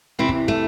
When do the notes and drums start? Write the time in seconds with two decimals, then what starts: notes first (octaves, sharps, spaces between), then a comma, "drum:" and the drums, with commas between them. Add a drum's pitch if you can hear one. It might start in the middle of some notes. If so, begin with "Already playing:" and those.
0.19 E2 C3 E3 C4 E4
0.29 drum: kick
0.48 A3, drum: kick